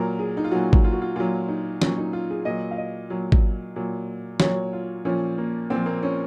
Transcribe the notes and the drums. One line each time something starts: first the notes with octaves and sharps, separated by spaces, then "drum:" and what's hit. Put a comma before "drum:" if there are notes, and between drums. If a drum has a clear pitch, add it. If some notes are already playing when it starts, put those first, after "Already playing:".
Already playing: A#2 F#3 A#4
G#4
D#4
F4
A#2 F#3 F#4
drum: kick G#1
F4
F#4
F4
A#2 F#3 F4
D#4
A#2 F#3 C#4, drum: snare
D#4
F4
G#4
A#2 F#3 D#5
F5
D#5
A#2 F#3
drum: kick G#1
A#2 F#3
A#2 F#3 C#5, drum: snare
F4
A#2 F3 C#4
A#3
A#2 F3 C4
A#3
C#4